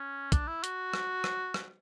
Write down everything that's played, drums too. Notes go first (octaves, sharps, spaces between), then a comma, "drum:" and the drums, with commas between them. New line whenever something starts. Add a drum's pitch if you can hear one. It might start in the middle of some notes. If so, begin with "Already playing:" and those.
Already playing: C#4
D4, drum: kick, hi-hat
E4
F#4, drum: hi-hat
drum: rim click
drum: rim click
drum: rim click